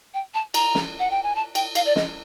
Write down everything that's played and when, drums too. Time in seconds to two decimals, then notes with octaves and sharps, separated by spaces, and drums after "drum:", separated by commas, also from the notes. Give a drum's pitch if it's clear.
0.14 G5
0.34 A5
0.54 A#5, drum: cymbal
0.75 drum: snare
0.99 F#5
1.11 G5
1.23 G#5
1.35 A5
1.55 G5, drum: cymbal
1.75 F5, drum: cymbal
1.86 D5
1.96 D#5, drum: snare